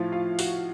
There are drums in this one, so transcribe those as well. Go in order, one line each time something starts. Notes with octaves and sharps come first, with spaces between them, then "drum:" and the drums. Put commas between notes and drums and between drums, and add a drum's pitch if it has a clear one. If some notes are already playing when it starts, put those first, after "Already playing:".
Already playing: A2 F3 F4 F5
F4 F5
F#4 F#5, drum: open hi-hat